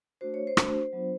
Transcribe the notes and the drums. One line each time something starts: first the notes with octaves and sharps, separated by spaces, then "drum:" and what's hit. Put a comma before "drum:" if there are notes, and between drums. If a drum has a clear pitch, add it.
A3 D4 F#4 C5
C#5
C5
A3 D4 F#4, drum: rim click
F#3 B3 D4 F4